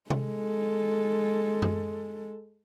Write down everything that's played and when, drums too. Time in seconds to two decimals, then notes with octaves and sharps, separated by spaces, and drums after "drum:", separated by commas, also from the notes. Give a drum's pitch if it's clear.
0.10 G#3 A4, drum: tom C3
1.62 drum: tom F#2